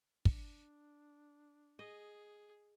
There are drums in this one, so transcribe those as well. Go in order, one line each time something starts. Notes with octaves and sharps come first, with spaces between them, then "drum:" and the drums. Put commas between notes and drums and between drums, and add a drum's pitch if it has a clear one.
D4, drum: kick
G#4 D#5